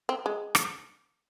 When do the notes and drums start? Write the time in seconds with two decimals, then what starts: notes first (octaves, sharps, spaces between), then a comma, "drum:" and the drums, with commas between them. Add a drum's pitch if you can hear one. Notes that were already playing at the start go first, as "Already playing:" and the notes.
0.09 C4
0.26 G#3
0.55 drum: rim click